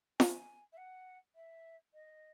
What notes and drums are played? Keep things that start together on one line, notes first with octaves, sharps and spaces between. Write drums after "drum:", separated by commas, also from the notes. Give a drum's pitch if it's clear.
G#5, drum: snare
E5
F#5
E5
D#5